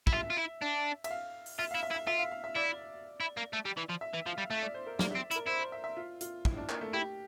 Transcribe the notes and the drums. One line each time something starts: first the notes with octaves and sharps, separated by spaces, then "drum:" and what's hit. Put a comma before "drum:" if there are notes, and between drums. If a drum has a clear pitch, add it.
E4, drum: kick
F4 E5
F4
E4
D4
E5, drum: cymbal
F5
drum: open hi-hat
F4 E5
E4 F5
E5
E4
E5
F4 E5
F5
F5
E5
E4 D5
E4
A#3
A3
G3
E3
F3
E5
E3
F3 F5
G3
A3 E5
D5
C5
A#4
A#3 D5, drum: snare
C4 E5
E4, drum: hi-hat
A#4
E4 C5
C5
E5
E5
F4
F4, drum: hi-hat
E4, drum: kick
D4
A#3, drum: clap
A3
E4 G4